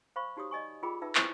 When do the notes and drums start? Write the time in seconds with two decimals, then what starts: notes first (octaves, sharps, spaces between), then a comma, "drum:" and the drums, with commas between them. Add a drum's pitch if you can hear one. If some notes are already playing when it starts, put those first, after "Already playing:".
0.16 C5 F5 B5 C#6
0.37 D#4 F#4 G4 C#5 D#6
0.51 D5 D#5 G#5 C#6
0.83 F4 G#4 A#4 G5 B5 D6
1.02 D#4 B4 E5 G5 A5 E6
1.15 E4 C5 G#5 C#6, drum: clap